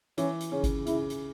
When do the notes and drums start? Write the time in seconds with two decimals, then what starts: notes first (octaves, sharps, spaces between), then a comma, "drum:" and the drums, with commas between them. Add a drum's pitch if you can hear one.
0.18 E3 C#4, drum: hi-hat
0.41 drum: hi-hat
0.52 C#3 C#4
0.64 drum: kick G1, hi-hat
0.86 C#3 E4, drum: hi-hat
1.10 drum: hi-hat